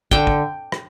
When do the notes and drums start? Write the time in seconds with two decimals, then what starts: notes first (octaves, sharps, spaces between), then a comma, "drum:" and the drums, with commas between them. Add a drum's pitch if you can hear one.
0.11 D3 G5, drum: kick
0.27 drum: kick
0.72 drum: rim click